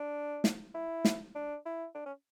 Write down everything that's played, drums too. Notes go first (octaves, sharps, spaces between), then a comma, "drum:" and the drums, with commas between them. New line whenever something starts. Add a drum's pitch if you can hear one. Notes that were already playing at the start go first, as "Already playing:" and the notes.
Already playing: D4
drum: snare
E4
drum: snare
D4
E4
D4
C#4